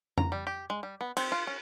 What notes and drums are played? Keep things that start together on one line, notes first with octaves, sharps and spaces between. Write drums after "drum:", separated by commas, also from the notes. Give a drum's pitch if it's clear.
A#5, drum: tom F2
G3
G4
G#3
G3
B3
C4, drum: cymbal
F4
C#4